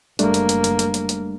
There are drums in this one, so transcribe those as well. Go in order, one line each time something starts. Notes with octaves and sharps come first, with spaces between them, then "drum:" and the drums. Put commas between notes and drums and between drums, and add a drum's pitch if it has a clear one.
F#1 G3 A3 A#3 D4, drum: hi-hat
drum: hi-hat
drum: hi-hat
drum: hi-hat
drum: hi-hat
drum: hi-hat
drum: hi-hat